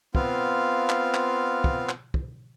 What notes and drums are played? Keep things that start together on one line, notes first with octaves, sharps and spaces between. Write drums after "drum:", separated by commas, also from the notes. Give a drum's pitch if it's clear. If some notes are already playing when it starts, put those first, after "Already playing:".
B3 C4 F4 F5, drum: kick
drum: clap
drum: clap
drum: kick
drum: clap
drum: kick